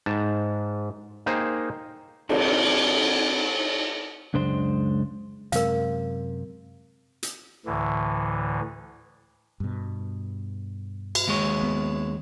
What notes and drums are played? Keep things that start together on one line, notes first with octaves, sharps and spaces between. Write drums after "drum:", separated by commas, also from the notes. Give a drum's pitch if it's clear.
G#2 A5
A#3 D#4 G#4 C5 G5
C4 D4 D#4 F#4 G4, drum: cymbal
C#2 F#2 G#3 D4 C5
F#2 C3 G#3 A#4 F5, drum: hi-hat
drum: hi-hat
D2 A2 D3 E3
G2 B2
drum: cymbal
D#2 G#3 C#5
B3